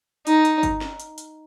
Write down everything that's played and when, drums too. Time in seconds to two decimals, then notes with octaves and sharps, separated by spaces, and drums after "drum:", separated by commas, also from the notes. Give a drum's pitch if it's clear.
0.27 D#4, drum: hi-hat
0.45 drum: hi-hat
0.63 drum: kick G1, hi-hat
0.81 drum: snare
1.00 drum: hi-hat
1.18 drum: hi-hat